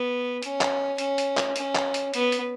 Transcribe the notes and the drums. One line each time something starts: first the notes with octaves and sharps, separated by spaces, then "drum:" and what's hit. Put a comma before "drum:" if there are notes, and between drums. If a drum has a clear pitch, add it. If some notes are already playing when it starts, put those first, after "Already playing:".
Already playing: B3
C#4, drum: hi-hat
drum: clap
C#4, drum: hi-hat
drum: hi-hat
drum: clap
C#4, drum: hi-hat
drum: clap
drum: hi-hat
B3, drum: hi-hat
drum: hi-hat